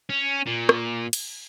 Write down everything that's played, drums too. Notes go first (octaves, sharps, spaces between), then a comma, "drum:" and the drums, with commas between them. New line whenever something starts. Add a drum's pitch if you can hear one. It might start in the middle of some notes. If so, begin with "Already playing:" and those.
C#4
A#2
drum: rim click
drum: cymbal